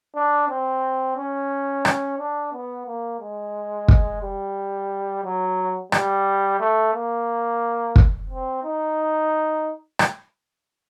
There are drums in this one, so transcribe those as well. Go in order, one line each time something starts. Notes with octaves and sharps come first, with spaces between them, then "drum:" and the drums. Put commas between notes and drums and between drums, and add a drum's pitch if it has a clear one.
D4
C4
C#4
drum: rim click
D4
B3
A#3
G#3
drum: kick
G3
F#3
G3, drum: rim click
A3
A#3
drum: kick
C4
D#4
drum: rim click